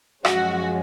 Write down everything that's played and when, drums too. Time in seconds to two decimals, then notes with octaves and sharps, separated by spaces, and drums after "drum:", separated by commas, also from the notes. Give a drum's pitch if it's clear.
0.25 F#2 F3 G#3 C#4 F#4, drum: rim click